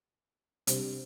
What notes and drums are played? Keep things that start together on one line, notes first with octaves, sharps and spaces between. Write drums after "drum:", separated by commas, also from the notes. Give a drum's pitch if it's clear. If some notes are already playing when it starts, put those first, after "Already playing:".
C3 G3 D4 G4 C5, drum: hi-hat